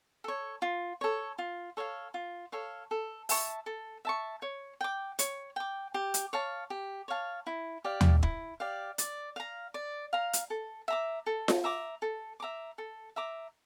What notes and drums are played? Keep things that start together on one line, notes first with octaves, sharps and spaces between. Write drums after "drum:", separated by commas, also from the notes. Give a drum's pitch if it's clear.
A4 C#5
F4
A4 C#5
F4
A4 C#5 F5
F4
A4 C#5 F5
A4
E5 A5 C#6, drum: open hi-hat
A4
E5 A5 C#6
C#5
G5 D6
C#5, drum: hi-hat
G5 D6
G4
drum: hi-hat
C#5 F5 A5
G4
C#5 F5 A5
E4
G4 D5 F5
drum: tom D#2
E4, drum: kick
G4 D5 F5
D5, drum: hi-hat
F5 A#5
D5
F5 A#5
drum: hi-hat
A4
E5 A#5 D6
A4
drum: snare F4
E5 A#5 D6
A4
E5 A#5 D6
A4
E5 A#5 D6